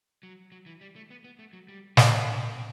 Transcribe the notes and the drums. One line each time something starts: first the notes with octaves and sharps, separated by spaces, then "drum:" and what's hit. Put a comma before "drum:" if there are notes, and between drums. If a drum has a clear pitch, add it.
F#3
F#3
E3
G3
A3
B3
B3
A3
F#3
G3
G3, drum: snare
C4
D4
C4